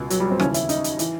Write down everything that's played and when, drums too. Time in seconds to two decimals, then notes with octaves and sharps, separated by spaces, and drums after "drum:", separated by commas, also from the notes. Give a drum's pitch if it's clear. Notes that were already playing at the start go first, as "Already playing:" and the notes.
Already playing: C#2 B2
0.10 F#3, drum: hi-hat
0.20 G3
0.31 C4
0.40 D#2 C#3 E3 C#4, drum: rim click
0.54 E4, drum: hi-hat
0.69 D#4, drum: hi-hat
0.84 drum: hi-hat
0.99 E3, drum: hi-hat